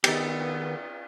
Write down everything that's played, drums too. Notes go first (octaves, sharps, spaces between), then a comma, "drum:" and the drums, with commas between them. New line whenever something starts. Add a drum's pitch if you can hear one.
D#3 B3 G4, drum: cymbal